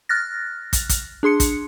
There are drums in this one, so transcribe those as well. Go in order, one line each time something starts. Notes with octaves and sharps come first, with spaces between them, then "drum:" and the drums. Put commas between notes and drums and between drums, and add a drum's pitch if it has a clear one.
F6 F#6 A6 A#6
drum: kick, hi-hat
drum: kick, hi-hat
D4 G#4 C6 C#7
drum: kick, hi-hat